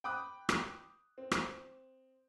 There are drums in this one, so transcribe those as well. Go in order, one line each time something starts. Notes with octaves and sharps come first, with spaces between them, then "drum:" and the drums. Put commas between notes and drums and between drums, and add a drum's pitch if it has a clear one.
G5 B5 D6 D#6 F#6
drum: rim click
C4
drum: rim click